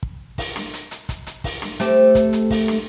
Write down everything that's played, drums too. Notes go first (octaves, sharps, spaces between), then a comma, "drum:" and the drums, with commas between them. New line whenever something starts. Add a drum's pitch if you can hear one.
drum: kick
drum: kick, open hi-hat
drum: snare
drum: hi-hat
drum: hi-hat
drum: kick, hi-hat
drum: hi-hat
drum: kick, open hi-hat
drum: snare
A3 C4 G4, drum: hi-hat
drum: kick, hi-hat
drum: hi-hat
drum: kick, open hi-hat
drum: snare